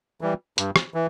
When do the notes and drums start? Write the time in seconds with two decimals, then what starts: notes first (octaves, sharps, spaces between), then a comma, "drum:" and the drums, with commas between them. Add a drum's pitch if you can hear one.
0.21 E3 G3
0.58 G2, drum: hi-hat
0.76 drum: rim click
0.94 E3